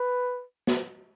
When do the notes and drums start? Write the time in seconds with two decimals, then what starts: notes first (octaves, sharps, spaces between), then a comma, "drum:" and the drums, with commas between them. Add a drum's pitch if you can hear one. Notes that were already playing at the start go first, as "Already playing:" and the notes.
Already playing: B4
0.67 drum: snare